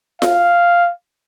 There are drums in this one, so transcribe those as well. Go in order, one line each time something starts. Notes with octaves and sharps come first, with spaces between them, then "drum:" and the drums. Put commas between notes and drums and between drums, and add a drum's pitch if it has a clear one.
F5, drum: snare F4